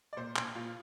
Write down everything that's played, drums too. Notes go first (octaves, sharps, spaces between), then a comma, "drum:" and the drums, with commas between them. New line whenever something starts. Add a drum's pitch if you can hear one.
D5
A#2 C5
A#2, drum: clap
A#2 F4